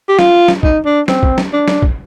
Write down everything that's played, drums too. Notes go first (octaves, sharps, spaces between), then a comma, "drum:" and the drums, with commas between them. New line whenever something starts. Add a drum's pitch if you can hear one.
G4
F4, drum: snare
drum: snare
D#4, drum: kick
D4
C4, drum: snare
drum: kick
drum: snare
D4
drum: snare
drum: kick